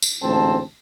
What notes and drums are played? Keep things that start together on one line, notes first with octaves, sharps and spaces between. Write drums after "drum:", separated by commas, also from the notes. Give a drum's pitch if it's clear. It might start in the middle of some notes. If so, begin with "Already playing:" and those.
drum: tambourine
A1 D2 G#2 C4 A5